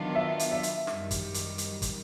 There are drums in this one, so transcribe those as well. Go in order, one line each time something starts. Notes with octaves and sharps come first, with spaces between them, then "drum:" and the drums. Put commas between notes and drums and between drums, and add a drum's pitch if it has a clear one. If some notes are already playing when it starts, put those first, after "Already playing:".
Already playing: D#3 F#3 B3 D4 F4
E5
drum: hi-hat
E5
drum: hi-hat
F#2 D#3 G3, drum: snare
drum: kick, hi-hat
drum: hi-hat
drum: hi-hat
drum: kick, hi-hat